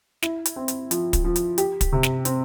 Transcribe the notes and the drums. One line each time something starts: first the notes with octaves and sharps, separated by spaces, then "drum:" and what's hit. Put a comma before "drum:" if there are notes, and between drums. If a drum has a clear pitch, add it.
E4, drum: snare
drum: hi-hat
C4
drum: hi-hat
F3, drum: hi-hat
drum: kick, hi-hat
F3
drum: hi-hat
G4, drum: hi-hat
drum: kick, hi-hat
C3
drum: snare
C4, drum: hi-hat